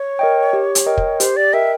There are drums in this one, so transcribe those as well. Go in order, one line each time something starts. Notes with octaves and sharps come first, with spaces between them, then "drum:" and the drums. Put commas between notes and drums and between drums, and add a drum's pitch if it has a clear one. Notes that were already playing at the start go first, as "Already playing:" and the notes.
Already playing: C#5
A#4 D#5 G5
G4
drum: hi-hat
A#4 D#5 G5
drum: kick
G4 C5, drum: hi-hat
D5
A#4 D#5 E5 G5